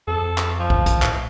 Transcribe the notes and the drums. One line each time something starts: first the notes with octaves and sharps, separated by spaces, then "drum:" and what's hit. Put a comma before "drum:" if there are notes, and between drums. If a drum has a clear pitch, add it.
F2 A4
drum: clap
F3
drum: kick
drum: kick, hi-hat
A2, drum: clap